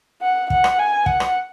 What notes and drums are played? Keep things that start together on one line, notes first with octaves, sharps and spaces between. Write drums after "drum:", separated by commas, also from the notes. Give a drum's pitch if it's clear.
F#5
F#5, drum: kick
drum: rim click
G#5
F#5, drum: kick
drum: rim click